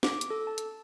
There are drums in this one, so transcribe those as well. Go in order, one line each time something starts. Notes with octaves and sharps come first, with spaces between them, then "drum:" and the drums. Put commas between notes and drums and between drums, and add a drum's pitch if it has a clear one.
D6, drum: snare
drum: hi-hat
A4
A5
drum: hi-hat